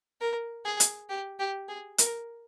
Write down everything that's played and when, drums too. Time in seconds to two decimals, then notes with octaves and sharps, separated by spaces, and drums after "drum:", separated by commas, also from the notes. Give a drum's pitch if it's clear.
0.21 A#4
0.65 G#4
0.80 drum: hi-hat
1.10 G4
1.39 G4
1.68 G#4
1.98 A#4, drum: hi-hat